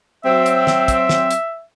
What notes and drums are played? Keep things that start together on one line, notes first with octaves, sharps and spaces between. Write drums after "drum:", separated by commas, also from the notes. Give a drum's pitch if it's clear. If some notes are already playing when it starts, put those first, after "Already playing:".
F#3 C4 E5
drum: hi-hat
drum: snare
drum: kick, hi-hat
drum: snare
drum: hi-hat